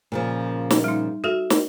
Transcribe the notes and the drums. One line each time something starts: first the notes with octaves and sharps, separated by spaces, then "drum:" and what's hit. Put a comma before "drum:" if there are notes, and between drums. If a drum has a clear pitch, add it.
A#2 C#3 F3
drum: snare
G3 D#4
F#4 A4 E5
drum: snare